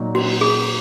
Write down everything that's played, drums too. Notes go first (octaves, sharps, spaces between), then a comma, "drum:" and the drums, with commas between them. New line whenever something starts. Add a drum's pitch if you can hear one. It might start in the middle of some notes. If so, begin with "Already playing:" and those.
Already playing: A#2 F#3 D#4
F#4, drum: cymbal
G#4